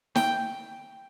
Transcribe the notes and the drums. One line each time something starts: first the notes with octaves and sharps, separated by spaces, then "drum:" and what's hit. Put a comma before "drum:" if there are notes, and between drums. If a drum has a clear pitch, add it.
G5, drum: snare